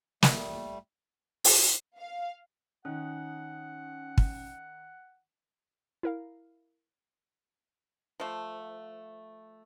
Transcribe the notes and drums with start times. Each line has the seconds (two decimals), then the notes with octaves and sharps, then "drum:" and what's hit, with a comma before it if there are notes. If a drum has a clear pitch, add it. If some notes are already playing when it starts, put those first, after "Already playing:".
0.23 G3 A3, drum: snare
1.44 drum: open hi-hat
1.98 F5
2.85 D#3 C#4 D#4 F#5
4.18 drum: kick
6.03 E4 A#4 F5
8.20 F3 A3